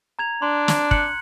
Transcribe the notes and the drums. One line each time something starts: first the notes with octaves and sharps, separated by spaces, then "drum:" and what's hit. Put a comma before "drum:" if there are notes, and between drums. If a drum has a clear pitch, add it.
A#5 G#6 F7
D4 C6
drum: snare
F#6 C#7 F#7, drum: kick